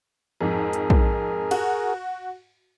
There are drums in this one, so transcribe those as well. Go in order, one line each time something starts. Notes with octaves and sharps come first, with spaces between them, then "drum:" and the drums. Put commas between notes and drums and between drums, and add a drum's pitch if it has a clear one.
F2 G#2 G#4 A#4
drum: hi-hat
drum: kick
F#4, drum: cymbal